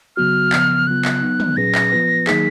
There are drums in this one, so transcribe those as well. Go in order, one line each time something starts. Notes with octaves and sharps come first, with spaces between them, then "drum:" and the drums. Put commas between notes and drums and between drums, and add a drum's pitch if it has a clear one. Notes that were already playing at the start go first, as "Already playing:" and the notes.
C#3 F#3 B3 F#4 F6
C#3 F3 B3, drum: clap
C#3 F#3 B3 F4 F#6
drum: clap
F#3 B3 D#4
drum: tom
A#2 F#3 C#4 G#4 B4 A#6
drum: clap
F3 B3 F4 B4
D#3 F#3 A#3 D#4 G#4 B6, drum: clap